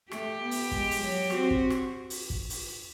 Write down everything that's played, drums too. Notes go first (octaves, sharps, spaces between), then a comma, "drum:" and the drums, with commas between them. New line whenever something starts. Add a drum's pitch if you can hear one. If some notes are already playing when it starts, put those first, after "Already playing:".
A3 G4, drum: rim click
B3
drum: open hi-hat
G#3, drum: kick
drum: open hi-hat
F#3
C4 F#4, drum: rim click
drum: kick
drum: rim click
drum: open hi-hat
drum: kick
drum: open hi-hat